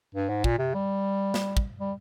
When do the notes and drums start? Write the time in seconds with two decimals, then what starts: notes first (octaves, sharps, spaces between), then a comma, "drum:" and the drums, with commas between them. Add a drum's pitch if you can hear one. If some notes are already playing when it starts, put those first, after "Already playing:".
0.15 G2
0.29 G#2
0.44 A#2, drum: kick
0.59 C3
0.74 G3
1.34 drum: snare
1.57 drum: kick
1.79 G3